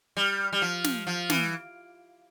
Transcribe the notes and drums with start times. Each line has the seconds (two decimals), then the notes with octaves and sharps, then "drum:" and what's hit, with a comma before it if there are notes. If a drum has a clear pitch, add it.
0.17 G3
0.53 G3
0.62 F3
0.84 drum: snare
1.07 F3
1.30 E3, drum: snare